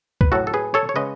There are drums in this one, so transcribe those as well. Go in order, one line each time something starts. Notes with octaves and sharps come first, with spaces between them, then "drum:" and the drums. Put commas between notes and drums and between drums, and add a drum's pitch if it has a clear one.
B4, drum: kick C#2
A2 F#3 F#4 A4
A4
G#4 B4
A4 C#5
C#5
C#3 G#3 B4 D#5